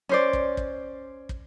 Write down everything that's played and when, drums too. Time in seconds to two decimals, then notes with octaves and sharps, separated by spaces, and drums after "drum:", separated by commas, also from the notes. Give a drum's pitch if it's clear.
0.09 C#4 C5 D5
0.33 drum: kick
0.57 drum: kick
1.29 drum: kick